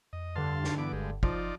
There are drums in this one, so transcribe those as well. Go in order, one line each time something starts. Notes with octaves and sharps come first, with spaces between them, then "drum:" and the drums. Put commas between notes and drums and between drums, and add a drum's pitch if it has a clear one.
F2 D#5
G2 D3 F5 A5 C6
drum: snare
E3 B3 D6
F#1 G3 G#3
F3 D#4 F4 D5, drum: kick